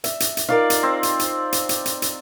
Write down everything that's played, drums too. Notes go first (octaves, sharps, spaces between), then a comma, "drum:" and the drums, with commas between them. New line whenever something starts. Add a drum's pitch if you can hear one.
E5, drum: hi-hat
drum: hi-hat
drum: hi-hat
D#4 F4 A#4 D5 F5
drum: hi-hat
C4
drum: hi-hat
drum: hi-hat
drum: hi-hat
drum: hi-hat
drum: hi-hat
drum: hi-hat